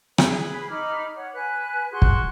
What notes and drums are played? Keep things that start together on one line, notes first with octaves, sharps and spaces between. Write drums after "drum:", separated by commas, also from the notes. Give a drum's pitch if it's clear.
G#4 B4 B5, drum: rim click
D#4 B5 D6 F6
C#5 F#5
B4 G#5 F#6
F#4 G#4 C6 F#6
drum: kick